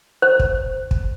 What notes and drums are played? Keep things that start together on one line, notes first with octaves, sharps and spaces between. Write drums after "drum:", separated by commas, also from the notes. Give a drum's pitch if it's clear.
C5
drum: kick
drum: kick